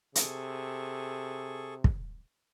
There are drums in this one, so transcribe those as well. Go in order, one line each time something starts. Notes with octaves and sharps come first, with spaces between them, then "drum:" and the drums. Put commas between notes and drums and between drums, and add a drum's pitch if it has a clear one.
C3 G#4 A4 C#6, drum: hi-hat
drum: kick